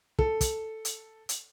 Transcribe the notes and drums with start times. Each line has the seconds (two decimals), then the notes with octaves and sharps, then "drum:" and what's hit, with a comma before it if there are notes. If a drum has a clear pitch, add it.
0.19 A4, drum: kick
0.41 drum: kick, hi-hat
0.85 drum: hi-hat
1.29 drum: hi-hat